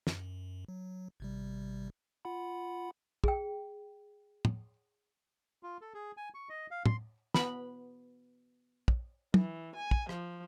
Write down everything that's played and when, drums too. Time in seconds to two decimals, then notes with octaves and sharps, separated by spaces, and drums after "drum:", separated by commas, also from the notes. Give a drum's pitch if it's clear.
0.07 F#2, drum: snare
0.68 F#3
1.20 G#1 C3 G3
2.25 F4 F#5 B5
3.24 G#4 G5, drum: kick
4.45 drum: tom
5.63 F4
5.81 A4
5.94 G#4
6.17 G#5
6.34 C#6
6.49 D#5
6.71 F5
6.86 C6, drum: tom A2
7.34 B3 B5, drum: snare
8.88 drum: kick
9.34 E3, drum: tom
9.75 G#5
9.91 drum: kick
10.09 F3, drum: rim click